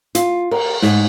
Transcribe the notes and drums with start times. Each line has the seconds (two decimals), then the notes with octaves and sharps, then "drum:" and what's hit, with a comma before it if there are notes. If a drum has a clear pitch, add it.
0.15 F4, drum: hi-hat
0.51 A#4, drum: cymbal
0.82 G#2, drum: snare